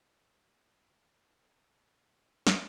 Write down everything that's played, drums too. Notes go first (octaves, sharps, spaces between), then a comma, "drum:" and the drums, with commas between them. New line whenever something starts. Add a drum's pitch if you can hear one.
G#2 F3 G#3 D4
C#4
D#2 D3 G3 C4
F#4
drum: snare